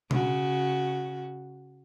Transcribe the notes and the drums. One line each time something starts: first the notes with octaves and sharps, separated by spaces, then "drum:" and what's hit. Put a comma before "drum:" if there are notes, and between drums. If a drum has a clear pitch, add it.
C#3 F#4, drum: tom B2